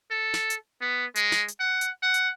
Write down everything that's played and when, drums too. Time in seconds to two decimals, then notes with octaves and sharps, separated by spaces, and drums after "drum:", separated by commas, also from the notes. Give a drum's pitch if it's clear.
0.11 A4
0.34 drum: snare
0.50 drum: hi-hat
0.81 B3
1.16 G#3, drum: hi-hat
1.32 drum: snare
1.48 drum: hi-hat
1.60 F#5
1.81 drum: hi-hat
2.03 F#5
2.14 drum: hi-hat